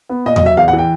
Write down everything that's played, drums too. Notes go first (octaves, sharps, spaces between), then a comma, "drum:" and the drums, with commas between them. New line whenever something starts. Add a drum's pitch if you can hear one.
B3
A#2 D#5
D#5, drum: tom E2
F#3 E5
E2 F5
F#5
E3
G5